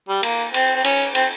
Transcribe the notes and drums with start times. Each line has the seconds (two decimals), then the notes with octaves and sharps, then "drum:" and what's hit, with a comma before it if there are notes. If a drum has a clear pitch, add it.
0.08 G3
0.23 A#3, drum: cymbal
0.54 C4, drum: cymbal
0.75 C4
0.84 C#4, drum: cymbal
1.15 C4, drum: cymbal